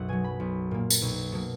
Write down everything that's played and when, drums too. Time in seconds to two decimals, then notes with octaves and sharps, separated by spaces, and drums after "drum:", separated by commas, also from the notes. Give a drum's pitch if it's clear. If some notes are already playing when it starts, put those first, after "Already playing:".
Already playing: B1 F#2 E5 F#5
0.08 B2 F#3 G#5
0.24 B5
0.40 B1
0.71 A#2 A#3
0.90 drum: tambourine
1.02 B1
1.32 B2 F#3 A#3